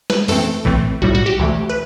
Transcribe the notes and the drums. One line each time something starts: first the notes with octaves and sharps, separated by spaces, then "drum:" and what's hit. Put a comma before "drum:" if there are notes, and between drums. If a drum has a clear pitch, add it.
B4, drum: snare
F#2 E3 A3 C4 A4, drum: open hi-hat
A2 E3 A3 C4, drum: kick A1
B1 A2 G3 F#4
F#4
G4
D2 C3 E3 A3
B4